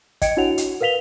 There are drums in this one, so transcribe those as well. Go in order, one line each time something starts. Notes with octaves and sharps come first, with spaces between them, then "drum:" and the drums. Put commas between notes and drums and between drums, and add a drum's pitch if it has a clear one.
D#5 G5 G#6 C#7 D7, drum: kick, hi-hat
D4 E4 F#4 C#5 F#5 F7
drum: hi-hat
A#4 B4 F5 B6 F7 G7